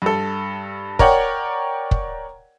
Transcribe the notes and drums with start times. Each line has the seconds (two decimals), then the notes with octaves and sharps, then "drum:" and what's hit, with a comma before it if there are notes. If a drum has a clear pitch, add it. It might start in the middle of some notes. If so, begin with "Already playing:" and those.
0.02 G2 A4
0.99 A#4 C#5 D5 F#5 G5, drum: kick
1.91 drum: kick